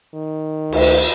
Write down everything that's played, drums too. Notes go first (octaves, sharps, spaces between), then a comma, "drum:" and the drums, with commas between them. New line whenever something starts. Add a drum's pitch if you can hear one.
D#3
D2, drum: cymbal